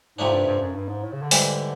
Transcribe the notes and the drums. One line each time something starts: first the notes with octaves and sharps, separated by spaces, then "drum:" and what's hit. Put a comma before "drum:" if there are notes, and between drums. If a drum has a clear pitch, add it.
G#2 C3 F3 A3 D4
G2
G2
F#2
G2
G#2
A2
C#3
D3
G#2 E3 G3, drum: open hi-hat